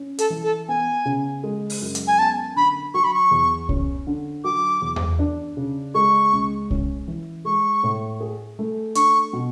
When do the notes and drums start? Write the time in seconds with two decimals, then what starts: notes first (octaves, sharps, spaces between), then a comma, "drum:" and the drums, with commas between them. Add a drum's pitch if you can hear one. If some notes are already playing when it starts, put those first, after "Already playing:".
Already playing: C#4
0.19 A4, drum: hi-hat
0.30 E3
0.44 A4
0.68 B3 G#5
1.05 C#3
1.43 G#3
1.70 drum: open hi-hat
1.82 F#2
1.95 drum: hi-hat
2.07 G#5
2.19 B3 A5
2.56 D3 B5
2.94 F#3 C#6
3.04 B5
3.14 C#6
3.31 E2
3.69 C#4, drum: kick C2
4.07 D3
4.44 F#3 D6
4.82 E2
4.96 drum: tom E2
5.19 D4
5.57 C#3
5.95 G#3 C#6
6.33 C#2
6.71 C#4, drum: kick C2
7.08 E3
7.45 G#3 C#6
7.83 A2
8.20 G#4
8.59 A3
8.95 D4 C#6, drum: hi-hat
9.33 B2